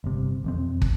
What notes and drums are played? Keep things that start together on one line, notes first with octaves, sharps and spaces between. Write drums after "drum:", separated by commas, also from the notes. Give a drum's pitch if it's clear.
G1 C3
E1 F2 C4
drum: kick